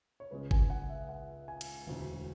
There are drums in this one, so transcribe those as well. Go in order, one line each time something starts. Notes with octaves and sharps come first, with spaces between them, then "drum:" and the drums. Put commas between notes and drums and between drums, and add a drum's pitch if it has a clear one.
C#5
C#2 C#3 G#3 B4
G#5, drum: kick G1
F#5
E5
F#5
G#5
drum: cymbal
E1 D2 D3